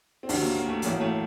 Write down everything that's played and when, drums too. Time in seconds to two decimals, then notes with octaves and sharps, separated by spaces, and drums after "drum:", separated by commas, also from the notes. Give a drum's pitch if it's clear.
0.23 C4
0.29 D2 C3 D#3 F#3 D4, drum: open hi-hat
0.42 A#3
0.56 A#3
0.69 A3
0.82 A1 A2 F#3 A#3, drum: hi-hat
0.94 A#3
1.00 A3